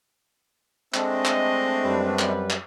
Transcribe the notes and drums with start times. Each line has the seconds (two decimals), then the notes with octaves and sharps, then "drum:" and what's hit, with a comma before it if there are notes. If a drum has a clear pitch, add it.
0.94 G#3 A3 C4 D4 D#5, drum: clap
1.25 drum: clap
1.84 F#2 G3 B4
2.19 drum: clap
2.50 drum: clap